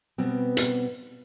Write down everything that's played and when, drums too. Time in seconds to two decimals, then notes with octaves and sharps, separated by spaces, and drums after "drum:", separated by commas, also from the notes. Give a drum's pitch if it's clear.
0.18 B2 G3 B3 C4
0.57 drum: hi-hat